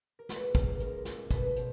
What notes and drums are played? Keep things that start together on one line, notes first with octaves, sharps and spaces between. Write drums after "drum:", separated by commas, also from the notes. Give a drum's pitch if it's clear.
A#4
G#3 B4, drum: snare
C#2, drum: kick, hi-hat
G#3 A#4, drum: hi-hat
G#3, drum: snare
B2 B4, drum: kick, hi-hat
B2 C5, drum: hi-hat